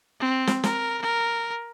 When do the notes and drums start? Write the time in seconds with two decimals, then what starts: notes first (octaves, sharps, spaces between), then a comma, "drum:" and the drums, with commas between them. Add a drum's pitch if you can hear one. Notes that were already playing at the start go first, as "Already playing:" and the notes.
0.20 C4
0.47 drum: snare
0.64 A#4, drum: snare
1.02 A#4